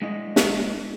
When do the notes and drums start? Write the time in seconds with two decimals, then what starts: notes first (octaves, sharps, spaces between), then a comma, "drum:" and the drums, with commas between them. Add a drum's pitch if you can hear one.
0.02 G#3 D4 E4 D#5
0.36 drum: snare